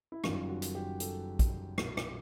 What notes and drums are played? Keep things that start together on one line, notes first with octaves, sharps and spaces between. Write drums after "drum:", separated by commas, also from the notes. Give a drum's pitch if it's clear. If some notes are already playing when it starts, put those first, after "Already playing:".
E4
F#1 F#2 D#3 G3 F4, drum: rim click
F#4
drum: hi-hat
G4
A4, drum: hi-hat
drum: kick, hi-hat
B1 A#2 F#3, drum: rim click
drum: rim click